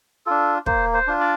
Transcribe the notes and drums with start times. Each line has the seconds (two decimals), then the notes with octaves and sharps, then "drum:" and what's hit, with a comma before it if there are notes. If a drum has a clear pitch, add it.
0.26 D4 F4 A4
0.66 A#3 C5, drum: kick
0.94 C5
1.07 D4 F4
1.21 D5